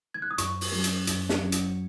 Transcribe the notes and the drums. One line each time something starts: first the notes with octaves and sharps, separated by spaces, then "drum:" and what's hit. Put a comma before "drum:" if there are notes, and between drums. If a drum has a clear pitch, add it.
G#6
F#6
D#6
F#2 C#6, drum: hi-hat
drum: open hi-hat
F#3 C#4 F#4
drum: hi-hat
F#2, drum: hi-hat
drum: snare
F#3 C#4 F#4
drum: hi-hat